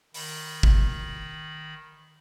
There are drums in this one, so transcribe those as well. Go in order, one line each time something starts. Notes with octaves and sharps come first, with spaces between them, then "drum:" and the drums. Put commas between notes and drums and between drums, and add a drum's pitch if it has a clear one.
D#3 B5, drum: open hi-hat
drum: kick